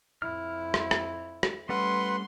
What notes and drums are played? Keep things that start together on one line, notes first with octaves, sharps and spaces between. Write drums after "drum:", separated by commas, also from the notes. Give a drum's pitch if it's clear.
F2 E4 F6
drum: rim click
drum: rim click
drum: rim click
G3 A3 C#4 B4 F#5 C6